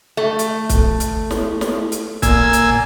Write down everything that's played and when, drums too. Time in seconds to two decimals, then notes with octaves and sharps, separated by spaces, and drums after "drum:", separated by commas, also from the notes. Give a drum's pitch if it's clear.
0.17 A3
0.39 drum: hi-hat
0.69 drum: kick, hi-hat
1.00 drum: hi-hat
1.31 drum: snare
1.61 drum: snare
1.92 drum: hi-hat
2.22 A#2 G#5 E6, drum: kick, hi-hat
2.53 drum: hi-hat